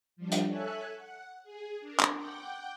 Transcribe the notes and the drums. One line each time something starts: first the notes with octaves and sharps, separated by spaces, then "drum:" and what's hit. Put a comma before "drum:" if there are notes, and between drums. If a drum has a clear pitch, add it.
F3 G3 D4
drum: hi-hat
A4 C#5 E5 G#5 F#6
F#5
G#4
D4 A#4
drum: clap
F#5 G5 D6 G6